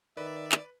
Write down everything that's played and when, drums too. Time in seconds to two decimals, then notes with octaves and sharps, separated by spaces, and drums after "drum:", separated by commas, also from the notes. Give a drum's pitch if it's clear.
0.17 D#3 B4 D5 E5
0.52 drum: clap